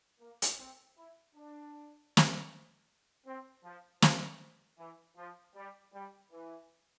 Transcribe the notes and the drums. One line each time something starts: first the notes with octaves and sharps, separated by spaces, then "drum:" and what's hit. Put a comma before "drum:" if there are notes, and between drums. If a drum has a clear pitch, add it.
A#3
drum: hi-hat
C4
E4
D4
drum: snare
C4
F3
F3, drum: snare
E3
F3
G3
G3
E3